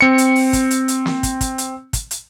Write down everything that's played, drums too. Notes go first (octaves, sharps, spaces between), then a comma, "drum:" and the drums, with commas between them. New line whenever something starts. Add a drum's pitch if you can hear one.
C4 C#7
drum: hi-hat
drum: open hi-hat
drum: kick, hi-hat
drum: hi-hat
drum: hi-hat
drum: snare
drum: kick, hi-hat
drum: kick, hi-hat
drum: hi-hat
drum: kick, hi-hat
drum: hi-hat